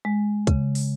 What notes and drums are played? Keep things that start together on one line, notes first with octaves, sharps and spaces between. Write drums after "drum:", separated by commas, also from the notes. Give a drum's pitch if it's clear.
G#3
C#3, drum: kick, hi-hat
drum: open hi-hat